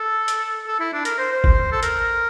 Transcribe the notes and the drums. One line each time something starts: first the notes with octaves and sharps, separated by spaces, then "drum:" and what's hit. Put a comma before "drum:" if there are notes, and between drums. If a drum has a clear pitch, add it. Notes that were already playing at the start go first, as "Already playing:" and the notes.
Already playing: A4
drum: hi-hat
A4
E4
D4
A#4, drum: hi-hat
C5
C5
drum: kick
A4
A#4, drum: hi-hat